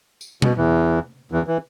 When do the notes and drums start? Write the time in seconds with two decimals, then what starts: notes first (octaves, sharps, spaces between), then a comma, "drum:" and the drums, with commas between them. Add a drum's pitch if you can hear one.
0.21 drum: tambourine
0.42 B2, drum: tom B2
0.57 E2 E3
1.32 E2 E3
1.47 E3